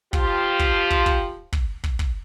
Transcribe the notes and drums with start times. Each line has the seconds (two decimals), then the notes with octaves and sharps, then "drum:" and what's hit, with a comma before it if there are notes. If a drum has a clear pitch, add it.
0.13 F3 F4 G4, drum: kick
0.59 drum: kick
0.90 drum: kick
1.06 drum: kick
1.53 drum: kick
1.84 drum: kick
1.99 drum: kick